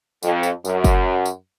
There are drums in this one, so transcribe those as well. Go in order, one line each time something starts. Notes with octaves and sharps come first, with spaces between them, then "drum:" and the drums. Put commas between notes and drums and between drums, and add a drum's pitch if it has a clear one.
F2, drum: tambourine
drum: tambourine
F#2, drum: tambourine
drum: kick F#1, tambourine
drum: tambourine